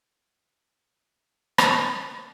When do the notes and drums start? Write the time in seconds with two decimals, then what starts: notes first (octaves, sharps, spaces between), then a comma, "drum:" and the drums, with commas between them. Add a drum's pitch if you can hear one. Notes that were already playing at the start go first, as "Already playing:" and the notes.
0.10 D5 E5 G6
1.58 drum: rim click